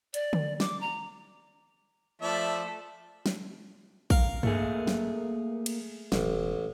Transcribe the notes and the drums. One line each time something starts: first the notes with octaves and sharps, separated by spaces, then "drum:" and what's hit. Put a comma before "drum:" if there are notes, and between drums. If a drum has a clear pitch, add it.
D5, drum: hi-hat
drum: tom D3
D6, drum: snare
A#5
F3 A3 D5 E5
drum: snare
A#4 F5, drum: kick
A3 A#3 G#4, drum: tom G2
drum: snare
drum: cymbal
E1 A1, drum: snare